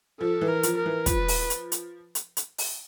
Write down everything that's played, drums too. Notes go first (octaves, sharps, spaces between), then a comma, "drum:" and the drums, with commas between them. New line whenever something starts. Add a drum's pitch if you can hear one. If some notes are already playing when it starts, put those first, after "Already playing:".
F3 A4
E3
A#4
F3, drum: hi-hat
A#4
E3
F3 B4, drum: kick, hi-hat
drum: open hi-hat
drum: hi-hat
drum: hi-hat
drum: hi-hat
drum: hi-hat
drum: open hi-hat